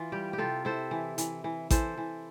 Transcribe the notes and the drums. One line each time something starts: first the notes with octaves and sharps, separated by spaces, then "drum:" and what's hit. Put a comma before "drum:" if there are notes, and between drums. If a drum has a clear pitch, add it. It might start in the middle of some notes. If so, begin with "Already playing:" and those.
Already playing: E3 F4
G3 G4
G4
C3 F4 A4
E4 A4 C5
E3
E3, drum: hi-hat
E3
E3 A4 C5, drum: kick A1, hi-hat
E3